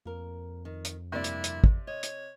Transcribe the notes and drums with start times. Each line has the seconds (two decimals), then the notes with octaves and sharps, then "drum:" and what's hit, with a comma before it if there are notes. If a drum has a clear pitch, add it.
0.05 F2 A#3 A#4
0.65 D#3
0.85 drum: hi-hat
1.12 G2 C3 A#3 E4 C5 D5
1.24 drum: hi-hat
1.44 drum: hi-hat
1.64 drum: kick
1.87 C#5 D#5
2.03 drum: hi-hat